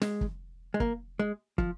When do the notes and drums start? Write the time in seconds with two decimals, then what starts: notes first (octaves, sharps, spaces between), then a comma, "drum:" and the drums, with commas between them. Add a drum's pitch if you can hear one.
0.02 G#3, drum: snare
0.21 drum: kick
0.74 G#3
0.80 A#3, drum: kick
1.19 G#3
1.58 F3, drum: kick